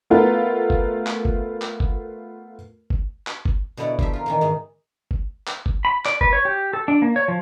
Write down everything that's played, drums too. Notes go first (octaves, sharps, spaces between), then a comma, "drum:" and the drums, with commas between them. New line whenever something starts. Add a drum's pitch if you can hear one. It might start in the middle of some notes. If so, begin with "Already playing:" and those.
A3 B3 F4 A#4
drum: kick G1
drum: clap
drum: kick G1
drum: clap
drum: kick G1
drum: kick G1
drum: clap
drum: kick G1
B2 D3 B3 E4 C#5 D5
F3 G4 E5, drum: kick G1
F4 A#4
A#2 D#3 E3
G#2 D#3
drum: kick G1
drum: clap
drum: kick G1
B5
D5, drum: clap
B4, drum: kick G1
C#5
G4
A4
D4
A#3
C#5
F3